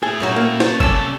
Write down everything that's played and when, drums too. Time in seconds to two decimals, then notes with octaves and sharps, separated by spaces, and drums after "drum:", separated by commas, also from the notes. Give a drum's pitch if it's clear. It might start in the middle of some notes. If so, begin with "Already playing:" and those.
0.03 E4 G#4 A4
0.20 A#2 C4 C#4 D#4 F#4
0.36 A#3
0.60 C#5 A5, drum: snare
0.80 C3 C#4 A4 D5 E6, drum: kick